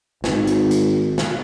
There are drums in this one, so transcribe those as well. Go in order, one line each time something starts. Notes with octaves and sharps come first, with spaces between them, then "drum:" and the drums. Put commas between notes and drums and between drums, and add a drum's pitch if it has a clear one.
G#1, drum: snare
drum: hi-hat
drum: hi-hat
drum: snare